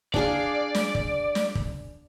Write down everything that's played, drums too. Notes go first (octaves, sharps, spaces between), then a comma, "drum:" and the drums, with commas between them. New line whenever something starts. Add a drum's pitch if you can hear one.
D4 G#4 D5 F5, drum: kick
drum: snare
drum: kick
drum: snare
drum: kick